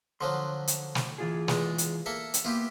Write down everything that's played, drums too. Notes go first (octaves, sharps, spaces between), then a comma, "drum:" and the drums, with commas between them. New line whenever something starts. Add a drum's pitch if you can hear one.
D3 F3 F#3 C6
drum: hi-hat
drum: snare
E3 F4 G#4
E2 G#3, drum: snare
drum: hi-hat
A#3 A4 E5
drum: hi-hat
A#3 B3 E4 F4 G4